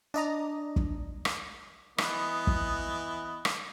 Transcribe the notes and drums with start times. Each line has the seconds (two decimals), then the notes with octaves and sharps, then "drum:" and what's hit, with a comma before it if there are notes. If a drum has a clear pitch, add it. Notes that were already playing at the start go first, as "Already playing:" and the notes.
0.14 D4 D5 D#5 A#5
0.76 drum: kick
1.25 drum: rim click
1.98 E3 B3 D#5, drum: rim click
2.47 drum: kick
3.45 drum: rim click